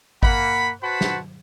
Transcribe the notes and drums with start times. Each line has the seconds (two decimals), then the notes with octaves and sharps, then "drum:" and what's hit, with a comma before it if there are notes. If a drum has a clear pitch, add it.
0.23 A#3 F#5 B5, drum: kick G#1
0.82 F#4 B4 C5 F#5 A5 B5
1.01 drum: snare